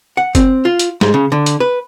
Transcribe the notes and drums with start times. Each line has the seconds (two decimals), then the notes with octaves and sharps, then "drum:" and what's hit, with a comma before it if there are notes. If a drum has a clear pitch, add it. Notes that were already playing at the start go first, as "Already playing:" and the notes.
0.17 F#5
0.35 C4, drum: kick F#1, hi-hat
0.65 F4
0.79 drum: hi-hat
1.01 G#2, drum: snare
1.14 C#3
1.32 D3
1.46 drum: hi-hat
1.60 B4